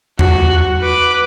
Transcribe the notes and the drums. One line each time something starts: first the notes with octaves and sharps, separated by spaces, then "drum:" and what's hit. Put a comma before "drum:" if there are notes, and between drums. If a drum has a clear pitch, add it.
F#4, drum: tom E2
B4 D6